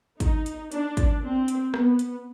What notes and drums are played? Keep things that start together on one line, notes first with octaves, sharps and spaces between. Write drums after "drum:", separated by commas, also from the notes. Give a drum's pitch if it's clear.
D#4, drum: kick, hi-hat
drum: hi-hat
D4, drum: hi-hat
drum: kick, hi-hat
C4
drum: hi-hat
B3, drum: rim click
drum: hi-hat